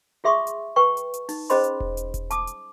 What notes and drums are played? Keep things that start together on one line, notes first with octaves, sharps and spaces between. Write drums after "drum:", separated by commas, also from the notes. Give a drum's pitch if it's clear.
F4 G#4 E5 C6 C#6 D#6
drum: hi-hat
B4 G5 C#6
drum: hi-hat
drum: hi-hat
D#4, drum: open hi-hat
C#4 G#4 C5 D#5 B5 C6, drum: hi-hat
drum: hi-hat
drum: kick E1
drum: hi-hat
drum: kick E1, hi-hat
A5 D6 D#6, drum: hi-hat
drum: hi-hat